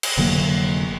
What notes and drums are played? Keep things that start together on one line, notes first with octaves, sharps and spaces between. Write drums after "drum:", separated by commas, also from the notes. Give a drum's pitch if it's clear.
drum: cymbal
F1 D3 F#3 A#3